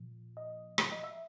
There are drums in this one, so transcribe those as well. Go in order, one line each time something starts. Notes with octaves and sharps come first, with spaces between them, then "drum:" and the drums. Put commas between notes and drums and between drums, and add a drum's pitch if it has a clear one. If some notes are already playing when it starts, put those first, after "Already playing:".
Already playing: A#2 F3
D#5
drum: rim click
D#5
E5